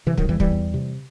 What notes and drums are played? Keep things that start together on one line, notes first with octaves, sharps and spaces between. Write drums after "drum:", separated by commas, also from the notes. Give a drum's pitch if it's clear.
C3 E3
D#3 F#3, drum: kick
E2 E3 G3
E3 G3, drum: kick
E2
C3